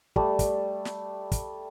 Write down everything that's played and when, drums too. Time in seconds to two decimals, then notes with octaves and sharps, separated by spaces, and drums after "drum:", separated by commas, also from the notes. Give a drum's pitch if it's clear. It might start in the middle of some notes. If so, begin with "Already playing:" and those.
0.16 G3 A3, drum: kick
0.39 drum: kick, hi-hat
0.85 drum: snare
1.32 drum: kick, hi-hat